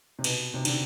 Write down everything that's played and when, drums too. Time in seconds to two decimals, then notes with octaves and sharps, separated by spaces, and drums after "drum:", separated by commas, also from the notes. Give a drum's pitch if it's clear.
0.19 C3
0.24 B2, drum: cymbal
0.54 C3
0.65 D3, drum: cymbal